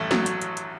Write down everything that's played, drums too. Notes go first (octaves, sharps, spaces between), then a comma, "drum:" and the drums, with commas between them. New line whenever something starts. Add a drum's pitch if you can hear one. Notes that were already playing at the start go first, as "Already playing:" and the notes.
Already playing: A1 G2 A3
F#3, drum: snare
drum: hi-hat
drum: hi-hat
drum: hi-hat